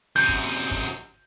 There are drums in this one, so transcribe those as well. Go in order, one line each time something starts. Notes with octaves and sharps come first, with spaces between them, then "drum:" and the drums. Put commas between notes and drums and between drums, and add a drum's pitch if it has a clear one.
F#2 C3 G6
drum: kick
drum: kick